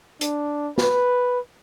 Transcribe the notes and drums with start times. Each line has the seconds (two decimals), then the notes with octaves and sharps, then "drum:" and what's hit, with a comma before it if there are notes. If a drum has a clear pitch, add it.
0.21 D4, drum: hi-hat
0.78 B4, drum: snare